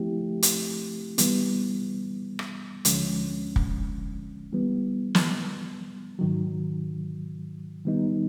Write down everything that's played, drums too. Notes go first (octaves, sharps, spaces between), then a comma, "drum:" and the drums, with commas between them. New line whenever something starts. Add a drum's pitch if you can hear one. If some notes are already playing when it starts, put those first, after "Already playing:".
Already playing: F3 A3 C4 E4 G4
drum: hi-hat
E3 G3 B3, drum: hi-hat
drum: rim click
D2 D3 F3 G#3 C#4, drum: hi-hat
drum: kick
E3 G3 B3
drum: snare
G#2 D#3 F#3
D#3 G3 B3 D#4